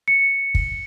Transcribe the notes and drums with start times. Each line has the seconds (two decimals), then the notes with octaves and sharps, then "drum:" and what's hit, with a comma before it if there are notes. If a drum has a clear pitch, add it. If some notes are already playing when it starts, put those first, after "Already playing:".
0.08 C#7
0.55 drum: kick